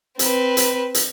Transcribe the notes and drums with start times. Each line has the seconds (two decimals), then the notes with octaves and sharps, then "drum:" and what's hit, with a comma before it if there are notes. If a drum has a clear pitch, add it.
0.19 C4 B4, drum: hi-hat
0.57 drum: hi-hat
0.94 drum: hi-hat